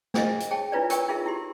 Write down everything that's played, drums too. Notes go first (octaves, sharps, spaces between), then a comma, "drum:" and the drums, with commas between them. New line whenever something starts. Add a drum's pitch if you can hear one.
D4 G#4 C5 D#5 E5, drum: snare
drum: hi-hat
G#4 C#5 G5 A5
D4 E4 F4 B4 C#5 D5
A#4 C#5 G5 C#6, drum: hi-hat
D#4 F4 G#4 A#4 E5
E4 G4 C6